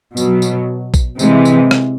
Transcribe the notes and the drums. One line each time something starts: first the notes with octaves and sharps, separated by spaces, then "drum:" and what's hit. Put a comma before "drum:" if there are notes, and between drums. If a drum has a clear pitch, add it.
B2 F#3, drum: tambourine
drum: tambourine
drum: kick A#1, tambourine
C3 E3 G#3, drum: tambourine
drum: tambourine
drum: rim click